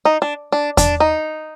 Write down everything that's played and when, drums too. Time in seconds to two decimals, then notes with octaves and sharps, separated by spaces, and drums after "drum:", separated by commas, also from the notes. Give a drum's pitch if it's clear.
0.05 D#4
0.22 D4
0.52 D4
0.77 D4, drum: kick E2, hi-hat
1.00 D#4